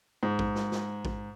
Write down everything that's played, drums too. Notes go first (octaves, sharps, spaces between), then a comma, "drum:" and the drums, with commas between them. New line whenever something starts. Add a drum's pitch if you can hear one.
G#2
drum: kick A1
drum: snare
drum: snare
drum: kick A1